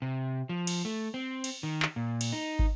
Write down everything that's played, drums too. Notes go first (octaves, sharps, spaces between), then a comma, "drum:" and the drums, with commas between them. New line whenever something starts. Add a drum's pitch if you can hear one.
C3
F3
drum: cymbal
A3
C4
drum: cymbal
D#3
drum: clap
A#2
drum: cymbal
D#4
drum: kick